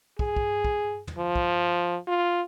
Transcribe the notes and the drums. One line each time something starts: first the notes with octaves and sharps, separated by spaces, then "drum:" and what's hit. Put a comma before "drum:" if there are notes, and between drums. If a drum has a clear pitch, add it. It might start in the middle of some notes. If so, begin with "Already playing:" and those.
G#4, drum: kick
drum: kick
drum: kick
drum: tom
F3
drum: kick
F4